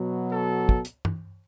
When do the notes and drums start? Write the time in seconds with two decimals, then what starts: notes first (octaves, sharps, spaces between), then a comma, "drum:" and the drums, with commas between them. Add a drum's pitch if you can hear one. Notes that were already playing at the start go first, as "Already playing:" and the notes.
Already playing: B2 F#3
0.30 A4
0.69 drum: kick
0.85 drum: hi-hat
1.05 drum: tom